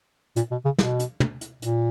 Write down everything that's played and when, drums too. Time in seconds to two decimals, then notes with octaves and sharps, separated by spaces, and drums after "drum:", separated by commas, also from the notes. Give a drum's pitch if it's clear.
0.36 A#2, drum: hi-hat
0.51 B2
0.65 C#3
0.79 B2, drum: snare
0.99 drum: hi-hat
1.20 drum: tom
1.41 drum: hi-hat
1.62 A#2, drum: hi-hat